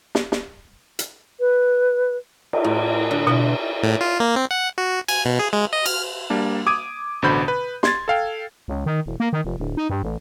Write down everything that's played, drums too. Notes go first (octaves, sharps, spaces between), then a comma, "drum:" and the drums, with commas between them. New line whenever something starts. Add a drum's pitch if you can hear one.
drum: snare
drum: snare
drum: hi-hat
B4
drum: cymbal
A2
D3
B2 B3 F4
A2
F4
A#3
C4
F#5
F#4
G#5, drum: cymbal
B2
G#4
G#3
D#5
F6, drum: cymbal
G3 A#3 D4
D6 D#6 G#6 D7 D#7
A1 B2 D3 C5 B5 G6
B4
C6 G#6 A6, drum: snare
A4 F5 G5
C#2
D#3
E1
A#3
D#3
F1
D1
D#4
G2
A1